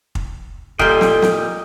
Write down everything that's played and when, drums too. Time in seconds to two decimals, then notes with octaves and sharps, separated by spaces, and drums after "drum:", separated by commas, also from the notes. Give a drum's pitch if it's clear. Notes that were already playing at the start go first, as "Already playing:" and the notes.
0.15 drum: kick
0.79 A#2 G3 A4 D#5 G5, drum: kick
1.01 drum: snare
1.22 drum: snare